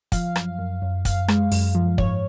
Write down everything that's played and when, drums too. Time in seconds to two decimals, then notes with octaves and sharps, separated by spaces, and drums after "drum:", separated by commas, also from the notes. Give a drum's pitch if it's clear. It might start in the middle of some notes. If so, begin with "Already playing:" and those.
0.12 F3 F5, drum: kick, hi-hat
0.36 F#2, drum: rim click
0.59 F#2
0.82 F#2
1.05 F#2 F5, drum: kick, hi-hat
1.28 G#3, drum: rim click
1.52 F#2, drum: open hi-hat
1.75 F3
1.98 G#2 C#5, drum: kick